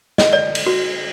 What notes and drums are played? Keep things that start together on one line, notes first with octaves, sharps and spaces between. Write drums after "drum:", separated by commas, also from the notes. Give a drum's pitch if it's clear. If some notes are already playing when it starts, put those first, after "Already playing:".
D#5, drum: snare
D5
drum: cymbal
F#4